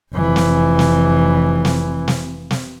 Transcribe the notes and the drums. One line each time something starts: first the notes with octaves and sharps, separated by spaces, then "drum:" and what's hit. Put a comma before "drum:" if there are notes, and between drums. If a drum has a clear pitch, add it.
F1 E3
drum: snare
drum: snare
drum: snare
drum: snare
drum: snare